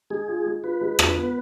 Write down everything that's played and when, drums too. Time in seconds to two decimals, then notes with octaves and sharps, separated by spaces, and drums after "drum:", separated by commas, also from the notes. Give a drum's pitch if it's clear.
0.10 G#3 G#4
0.28 F4
0.46 G#3
0.63 F4 B4
0.81 G#3
0.99 F4, drum: rim click
1.17 B3